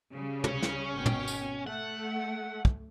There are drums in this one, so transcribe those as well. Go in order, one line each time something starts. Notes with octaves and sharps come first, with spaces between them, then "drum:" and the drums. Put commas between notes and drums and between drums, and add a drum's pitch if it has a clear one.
C#3 G3
C#4, drum: tom
drum: snare
G#1 B2 G5
drum: tom
drum: tambourine
A3 F#5
drum: kick